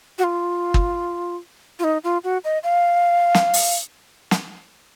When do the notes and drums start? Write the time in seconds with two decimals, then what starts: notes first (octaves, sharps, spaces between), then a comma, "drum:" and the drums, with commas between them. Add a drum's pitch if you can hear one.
0.18 F#4
0.24 F4
0.74 drum: kick
1.79 F4
1.84 D#4
2.04 F4
2.24 F#4
2.44 D#5
2.63 F5
3.34 drum: snare
3.53 drum: open hi-hat
4.31 drum: snare